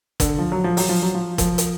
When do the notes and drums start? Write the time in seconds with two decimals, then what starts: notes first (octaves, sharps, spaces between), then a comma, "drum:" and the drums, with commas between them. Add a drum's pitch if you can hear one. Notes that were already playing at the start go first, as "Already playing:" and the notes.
0.20 D3, drum: kick, hi-hat
0.39 F3
0.52 F#3
0.64 F3
0.77 F#3, drum: open hi-hat
0.89 F3
1.02 F#3
1.15 F3
1.38 F3, drum: kick, hi-hat
1.58 drum: hi-hat